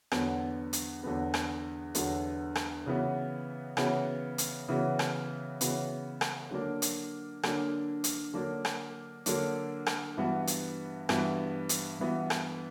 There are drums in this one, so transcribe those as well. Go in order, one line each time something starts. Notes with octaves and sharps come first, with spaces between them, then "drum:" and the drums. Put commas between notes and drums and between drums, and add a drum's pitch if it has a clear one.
E2 D3 F#3 B3 F#4, drum: rim click
drum: hi-hat
E2 D3 F#3 B3 F#4
drum: rim click
E2 D3 F#3 B3 F#4, drum: hi-hat
drum: rim click
C#3 E3 B3 F#4
C#3 E3 B3 F#4, drum: rim click
drum: hi-hat
C#3 E3 B3 F#4
drum: rim click
C#3 E3 B3 F#4, drum: hi-hat
drum: rim click
D3 F#3 A#3 D4
drum: hi-hat
D3 F#3 A#3 D4, drum: rim click
drum: hi-hat
D3 F#3 A#3 D4
drum: rim click
D3 F#3 A#3 D4, drum: hi-hat
drum: rim click
G2 E3 B3 F#4
drum: hi-hat
G2 E3 B3 F#4, drum: rim click
drum: hi-hat
G2 E3 B3 F#4
drum: rim click